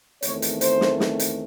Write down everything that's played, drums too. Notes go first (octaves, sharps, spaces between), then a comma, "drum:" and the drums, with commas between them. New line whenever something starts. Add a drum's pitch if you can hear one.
E2 D#3 A3 C4 C#5, drum: hi-hat
drum: hi-hat
C5, drum: hi-hat
drum: snare
drum: snare
drum: hi-hat